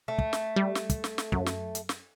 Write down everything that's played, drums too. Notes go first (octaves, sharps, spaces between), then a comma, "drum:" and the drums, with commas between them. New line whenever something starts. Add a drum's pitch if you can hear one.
A3
drum: kick
drum: snare
G3
drum: snare
drum: kick, hi-hat
drum: snare
drum: snare
F#2, drum: kick
drum: snare
drum: hi-hat
drum: snare